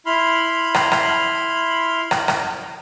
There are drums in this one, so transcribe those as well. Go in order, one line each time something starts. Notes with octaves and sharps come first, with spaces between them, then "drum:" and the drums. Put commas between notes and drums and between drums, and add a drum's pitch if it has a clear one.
E4 B5 C6 F6
drum: rim click
drum: rim click
drum: rim click
drum: rim click